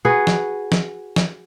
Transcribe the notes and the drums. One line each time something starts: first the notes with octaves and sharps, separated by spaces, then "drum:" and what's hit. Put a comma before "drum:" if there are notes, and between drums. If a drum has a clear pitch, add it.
F#4 G#4 B4
drum: snare
drum: snare
drum: snare